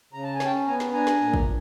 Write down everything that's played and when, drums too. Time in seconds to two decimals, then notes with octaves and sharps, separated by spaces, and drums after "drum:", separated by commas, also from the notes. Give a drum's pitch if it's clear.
0.13 C#3 A#5
0.24 A5
0.34 G#5
0.40 C#4 G5 A5, drum: snare
0.67 B3 G#5 A#5
0.80 drum: snare
0.93 D4 G#5 A#5
1.07 drum: snare
1.21 A#2
1.34 drum: kick